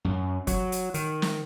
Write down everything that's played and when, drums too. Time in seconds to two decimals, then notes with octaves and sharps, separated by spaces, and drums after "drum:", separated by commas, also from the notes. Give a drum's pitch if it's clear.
0.05 F#2
0.47 F#3, drum: kick, hi-hat
0.72 drum: hi-hat
0.94 D#3, drum: hi-hat
1.22 drum: snare